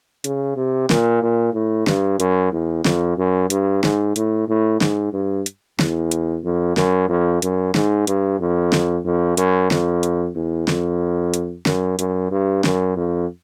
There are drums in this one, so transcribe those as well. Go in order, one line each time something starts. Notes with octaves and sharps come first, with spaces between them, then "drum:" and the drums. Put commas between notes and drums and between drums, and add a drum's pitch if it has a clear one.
C#3, drum: hi-hat
C3
A#2, drum: snare
A#2
A2
G2, drum: snare
F#2, drum: hi-hat
E2
F2, drum: snare
F#2
G2, drum: hi-hat
G#2, drum: snare
A2, drum: hi-hat
A2
G#2, drum: snare
G2
drum: hi-hat
E2, drum: snare
drum: hi-hat
F2
F#2, drum: snare
F2
F#2, drum: hi-hat
G#2, drum: snare
G2, drum: hi-hat
F2
drum: snare
F2
F#2, drum: hi-hat
F2, drum: snare
drum: hi-hat
E2
F2, drum: snare
drum: hi-hat
F#2, drum: snare
F#2, drum: hi-hat
G2
F#2, drum: snare
F2